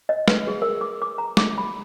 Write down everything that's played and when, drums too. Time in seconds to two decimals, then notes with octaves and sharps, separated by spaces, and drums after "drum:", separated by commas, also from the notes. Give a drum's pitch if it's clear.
0.09 D#5
0.28 B4, drum: snare
0.47 G#4
0.62 A#4
0.81 D6
1.02 D6
1.18 A#5
1.37 D6, drum: snare
1.58 B5